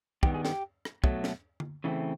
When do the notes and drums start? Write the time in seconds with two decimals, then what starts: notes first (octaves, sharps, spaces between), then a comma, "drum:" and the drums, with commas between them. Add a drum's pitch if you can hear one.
0.23 G2 D#3 G3 B3 G4, drum: kick
0.34 G#4
0.45 G4, drum: snare
0.85 drum: rim click
1.04 B2 F#3 A3, drum: kick
1.24 drum: snare
1.60 drum: tom D3
1.84 C#3 E3 A3 C4